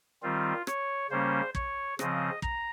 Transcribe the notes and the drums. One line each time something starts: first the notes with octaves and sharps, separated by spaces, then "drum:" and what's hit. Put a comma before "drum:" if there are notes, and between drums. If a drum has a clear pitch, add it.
D#3 G3 C4 F4
C#5, drum: rim click
C#3 G3 A#3 C#4 C5
C#5, drum: kick
C#3 F3 C4 D#5, drum: rim click
A#5, drum: kick